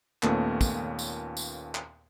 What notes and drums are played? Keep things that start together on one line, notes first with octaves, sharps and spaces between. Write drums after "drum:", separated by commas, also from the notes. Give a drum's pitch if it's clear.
D#2 A#2 A3 B3 C#4, drum: clap
drum: kick, tambourine
drum: tambourine
drum: tambourine
drum: clap